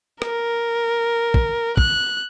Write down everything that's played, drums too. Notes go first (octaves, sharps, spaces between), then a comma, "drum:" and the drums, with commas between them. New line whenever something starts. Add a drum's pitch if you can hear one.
A#4, drum: rim click
drum: kick
F#6, drum: kick